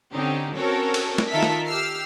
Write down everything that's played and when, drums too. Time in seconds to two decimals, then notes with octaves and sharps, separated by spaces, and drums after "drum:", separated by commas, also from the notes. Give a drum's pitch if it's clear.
0.13 D3 C4 C#4 D#4 G4
0.55 C4 C#4 F#4 A4 A#4 C#5
0.94 drum: cymbal
1.18 drum: snare
1.29 D#3 F4 A4 A#4 E5 B6
1.43 drum: snare
1.67 G4 E6 F6 C7